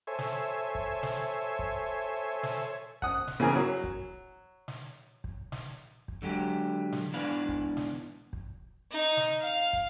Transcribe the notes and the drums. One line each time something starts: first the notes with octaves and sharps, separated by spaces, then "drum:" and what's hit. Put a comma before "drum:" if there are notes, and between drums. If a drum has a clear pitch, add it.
A4 C5 C#5 E5 G#5
drum: snare
drum: kick
drum: snare
drum: kick
drum: snare
F#5 D#6, drum: kick
drum: snare
C#3 E3 G#4 A#4
F#3
drum: kick
drum: snare
drum: kick
drum: snare
drum: kick
D3 F#3 G#3 G4
drum: snare
E2 G#2 E3 D4 B4 F5
drum: kick
drum: snare
drum: kick
D#4
drum: snare
F5
drum: kick